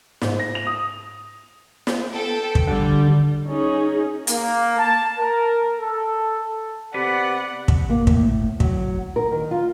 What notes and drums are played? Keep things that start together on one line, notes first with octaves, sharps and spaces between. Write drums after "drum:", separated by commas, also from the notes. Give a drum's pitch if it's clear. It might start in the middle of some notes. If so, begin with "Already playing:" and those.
G#2, drum: snare
A#6
F7
D#6
drum: snare
B3 A4 G5
drum: kick
D3 G3
C#4 D#4 G#4
A#3, drum: hi-hat
A5
A#4
A4
C3 B3 B4 D5 F#5
drum: kick
A#3
A2, drum: kick
F#3, drum: kick
A#4
D#3
F4